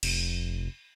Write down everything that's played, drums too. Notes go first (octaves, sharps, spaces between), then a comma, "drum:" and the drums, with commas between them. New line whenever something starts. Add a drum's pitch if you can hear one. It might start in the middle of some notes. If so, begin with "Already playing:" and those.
F1, drum: cymbal